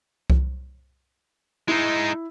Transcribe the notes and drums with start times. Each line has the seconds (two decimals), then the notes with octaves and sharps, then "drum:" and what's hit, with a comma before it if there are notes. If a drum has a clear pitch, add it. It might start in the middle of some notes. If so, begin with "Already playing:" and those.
0.30 drum: kick C2
1.68 G#3 D#4 E4